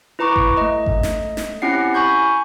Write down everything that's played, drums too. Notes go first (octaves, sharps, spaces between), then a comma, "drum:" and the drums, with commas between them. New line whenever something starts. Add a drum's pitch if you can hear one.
E4 B4 A#5 C#6 D6
drum: kick G#1
A3 D#5
drum: kick G#1
drum: snare
drum: snare
C4 C#4 E4 G4 F#5 C7
G#5 B5 C#6 G6